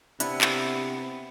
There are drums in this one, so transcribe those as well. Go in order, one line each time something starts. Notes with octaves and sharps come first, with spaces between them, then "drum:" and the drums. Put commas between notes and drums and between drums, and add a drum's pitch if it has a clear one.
C3 B3 D4 E4, drum: hi-hat
drum: clap